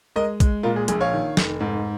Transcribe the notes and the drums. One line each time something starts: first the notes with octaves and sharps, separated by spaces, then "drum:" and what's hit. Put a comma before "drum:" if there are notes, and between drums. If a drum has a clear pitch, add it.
G#3 A#4 D#5
G#3, drum: kick B1, hi-hat
A#2 F4 A#4
G#4
A#1 G#4, drum: hi-hat
C#5 F5
D#3
F1, drum: snare
G#2